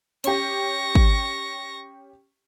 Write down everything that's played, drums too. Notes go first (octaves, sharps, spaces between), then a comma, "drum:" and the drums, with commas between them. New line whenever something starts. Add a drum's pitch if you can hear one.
C#4 G4 C#6 A#6, drum: hi-hat
drum: kick